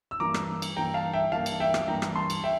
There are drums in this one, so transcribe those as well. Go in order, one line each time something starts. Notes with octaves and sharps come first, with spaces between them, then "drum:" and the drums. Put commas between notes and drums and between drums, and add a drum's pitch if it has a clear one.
E6
G2 E3 A#3 A#5 D6
drum: rim click
drum: cymbal
G2 E3 A#3 G5 A#5
F5 A5
E5 G5
G2 E3 A#3 F5 A5
drum: cymbal
E5 G5
drum: rim click
G2 E3 A#3 G5 A#5
drum: rim click
A5 C6
drum: cymbal
E5 G5